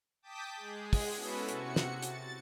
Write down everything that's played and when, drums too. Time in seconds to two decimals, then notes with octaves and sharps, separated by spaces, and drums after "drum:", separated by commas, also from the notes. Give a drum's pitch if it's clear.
0.22 G5 A5 D6 D#6 G6 B6
0.56 G#3 G#4
0.93 drum: kick, open hi-hat
1.14 B3 C#4 E4 F#4 A4 B4
1.48 C3 F#4 C#7, drum: hi-hat
1.76 drum: snare
2.02 A6, drum: hi-hat